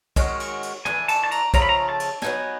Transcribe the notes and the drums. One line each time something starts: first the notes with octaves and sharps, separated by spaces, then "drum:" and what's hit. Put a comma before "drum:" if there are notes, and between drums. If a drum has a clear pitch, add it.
D#3 G#3 C#4 F#4, drum: kick B1, cymbal
drum: cymbal
drum: cymbal
E3 A3 D4 G#5, drum: tom
A5, drum: cymbal
A5
A#5, drum: cymbal
C#3 F3 A3 A#5, drum: kick B1, cymbal
B5
A#5
A5
drum: cymbal
F#3 B3 D#4 G#5, drum: snare